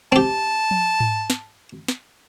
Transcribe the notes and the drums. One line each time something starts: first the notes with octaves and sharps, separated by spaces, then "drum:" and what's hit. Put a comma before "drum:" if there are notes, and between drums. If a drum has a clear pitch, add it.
C4 G4 A5
drum: tom F3
drum: tom G#2
drum: snare
drum: snare